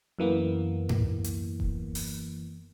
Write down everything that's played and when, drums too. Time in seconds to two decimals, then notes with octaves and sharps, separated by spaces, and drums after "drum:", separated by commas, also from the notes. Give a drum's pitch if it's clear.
0.19 F#2 E3 A#3 B3
0.89 drum: tom G#2
1.24 drum: hi-hat
1.60 drum: kick D#1
1.95 drum: open hi-hat